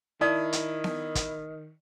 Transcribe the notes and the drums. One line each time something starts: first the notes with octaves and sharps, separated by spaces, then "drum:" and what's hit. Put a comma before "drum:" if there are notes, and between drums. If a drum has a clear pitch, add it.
D#3 E4 D5 A5 D#6
drum: hi-hat
drum: snare B3
drum: kick, hi-hat